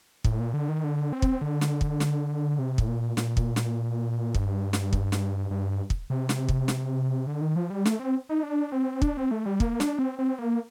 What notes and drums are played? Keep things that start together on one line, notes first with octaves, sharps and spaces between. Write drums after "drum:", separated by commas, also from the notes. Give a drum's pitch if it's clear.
A2, drum: kick
A#2
D3
D#3
D3
C4
drum: kick
D3
drum: snare
drum: kick
drum: snare
C3
A2, drum: kick
A#2
A#2, drum: snare
drum: kick
drum: snare
G2, drum: kick
drum: snare
drum: kick
drum: snare
G2
drum: kick
C3
drum: snare
drum: kick
drum: snare
D3
D#3
F3
G3
A3, drum: snare
C4
D#4
D4
C4
D4, drum: kick
C4
A3
G3
A#3, drum: kick
D4, drum: snare
C4
C4
A#3